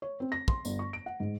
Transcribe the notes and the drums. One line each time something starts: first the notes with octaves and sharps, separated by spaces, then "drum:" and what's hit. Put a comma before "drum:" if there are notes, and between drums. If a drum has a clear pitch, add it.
C#5
C4
A#6
C6, drum: kick
G1, drum: tambourine
C#6
D7
F#5
G#2